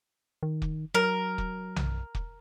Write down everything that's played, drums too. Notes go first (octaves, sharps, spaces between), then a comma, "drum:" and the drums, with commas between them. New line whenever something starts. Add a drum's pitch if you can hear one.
D#3
drum: kick
F#3 A#4
drum: kick
drum: tom B1
drum: kick